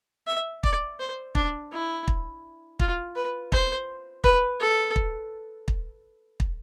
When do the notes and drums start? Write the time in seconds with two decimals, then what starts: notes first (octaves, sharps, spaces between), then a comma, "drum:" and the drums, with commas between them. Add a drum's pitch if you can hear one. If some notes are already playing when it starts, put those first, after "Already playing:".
0.27 E5
0.63 D5, drum: kick
1.00 C5
1.35 D4, drum: kick
1.72 E4
2.08 drum: kick
2.80 F4, drum: kick
3.16 B4
3.52 C5, drum: kick
4.24 B4, drum: kick
4.60 A4
4.96 drum: kick
5.68 drum: kick
6.40 drum: kick